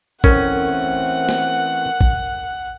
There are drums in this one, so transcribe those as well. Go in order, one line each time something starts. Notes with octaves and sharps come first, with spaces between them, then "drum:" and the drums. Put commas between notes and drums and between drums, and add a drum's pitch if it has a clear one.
E3 A3 C4 C#4 A#4 F#5, drum: kick
drum: snare
drum: kick